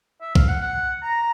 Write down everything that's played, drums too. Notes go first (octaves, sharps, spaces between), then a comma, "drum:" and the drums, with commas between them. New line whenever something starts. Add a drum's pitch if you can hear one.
E5
F5, drum: kick
F#5
F#5
A#5